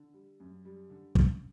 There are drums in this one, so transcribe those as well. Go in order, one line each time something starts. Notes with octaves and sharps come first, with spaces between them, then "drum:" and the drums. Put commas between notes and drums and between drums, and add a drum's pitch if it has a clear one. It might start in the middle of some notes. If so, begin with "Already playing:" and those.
Already playing: D3
G3
F#2
G3
D3
F#2, drum: kick